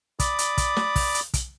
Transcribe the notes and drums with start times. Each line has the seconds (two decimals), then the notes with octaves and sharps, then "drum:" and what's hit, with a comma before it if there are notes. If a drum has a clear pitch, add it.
0.20 D5 B5 D6 D#6, drum: kick, hi-hat
0.39 drum: hi-hat
0.58 drum: kick, hi-hat
0.77 drum: snare
0.96 drum: kick, open hi-hat
1.15 drum: hi-hat
1.34 drum: kick, hi-hat